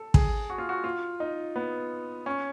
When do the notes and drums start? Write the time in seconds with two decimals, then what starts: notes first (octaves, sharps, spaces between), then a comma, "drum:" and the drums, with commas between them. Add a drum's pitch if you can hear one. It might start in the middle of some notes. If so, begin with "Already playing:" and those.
Already playing: A4
0.14 G#4, drum: kick
0.50 F#4
0.58 F4
0.69 F#4
0.84 F4
1.20 D#4
1.56 B3
2.26 C#4